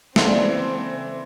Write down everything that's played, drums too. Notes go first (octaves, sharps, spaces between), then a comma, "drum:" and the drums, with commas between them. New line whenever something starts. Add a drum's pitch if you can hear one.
C#3 E3 A#3 C4 A4 D5 C6, drum: snare